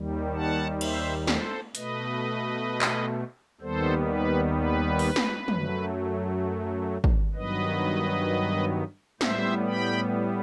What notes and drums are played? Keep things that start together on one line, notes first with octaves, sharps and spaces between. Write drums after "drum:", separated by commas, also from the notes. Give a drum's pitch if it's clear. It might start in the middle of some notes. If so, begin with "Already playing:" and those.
Already playing: D#2 D#3 G3
F#5 A5
C5 E5, drum: cymbal
A4 C5, drum: snare
B2 A3 B4 D#5, drum: hi-hat
drum: clap
D#2 D#3 G3 B3 A4 C5
B4
B4
drum: open hi-hat
drum: snare
F#2 F#3 A3, drum: tom
drum: kick
G2 D#3 F#3 B3 B4 D#5
A2 G3 B3 C5 E5, drum: snare
G5 B5